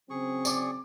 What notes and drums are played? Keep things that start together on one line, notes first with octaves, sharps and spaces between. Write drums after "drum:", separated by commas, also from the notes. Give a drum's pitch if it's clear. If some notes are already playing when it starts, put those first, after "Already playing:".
C#3 F#3 C4 G#4 C#6
D5 D6, drum: tambourine